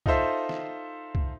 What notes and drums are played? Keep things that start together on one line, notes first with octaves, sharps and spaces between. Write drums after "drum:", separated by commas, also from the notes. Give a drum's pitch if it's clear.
D#4 F4 A4 C5 E5, drum: kick C2
drum: snare
drum: kick C2